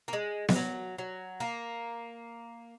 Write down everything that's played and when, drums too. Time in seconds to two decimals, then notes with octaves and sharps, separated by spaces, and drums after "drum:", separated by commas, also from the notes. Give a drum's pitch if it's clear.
0.08 A#3
0.13 G#3
0.49 G#3, drum: snare B3
0.56 F#3
0.98 F#3
1.40 A#3